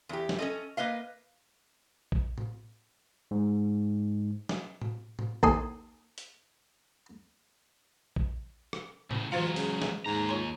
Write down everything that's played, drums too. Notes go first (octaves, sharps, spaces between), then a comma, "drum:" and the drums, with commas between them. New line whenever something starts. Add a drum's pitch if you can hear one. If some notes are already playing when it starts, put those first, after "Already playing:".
E2 G4
drum: snare
C#4 A4 D#5
A#3 B4 D#5 F5
drum: kick A#1
drum: tom A2
G#2
drum: snare
drum: tom A2
drum: tom A2
D#2 A4 G#5 C6 D#6, drum: kick A#1
drum: hi-hat
drum: kick A#1
drum: rim click
A2 C#3, drum: tom A2
E3 F#3 G#3 F4 C5 F5
C#3, drum: open hi-hat
drum: snare
D#2 G#2 A#5
F4 C#5 C6